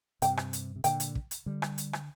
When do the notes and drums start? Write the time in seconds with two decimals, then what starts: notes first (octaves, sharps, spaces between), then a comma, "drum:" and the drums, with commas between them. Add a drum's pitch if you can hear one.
0.22 G2 C3 G5, drum: hi-hat
0.37 drum: rim click
0.53 drum: hi-hat
0.76 C3
0.84 A#2 D3 G5, drum: hi-hat
1.00 drum: hi-hat
1.15 drum: kick
1.31 drum: hi-hat
1.46 D3 G3
1.62 drum: rim click
1.78 drum: hi-hat
1.93 drum: rim click